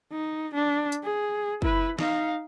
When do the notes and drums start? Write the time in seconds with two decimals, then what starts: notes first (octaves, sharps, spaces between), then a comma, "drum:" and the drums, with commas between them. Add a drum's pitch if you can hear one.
0.12 D#4
0.54 D4
0.92 drum: hi-hat
1.03 G#4
1.62 E4 B4, drum: kick
1.99 D#4 F5, drum: snare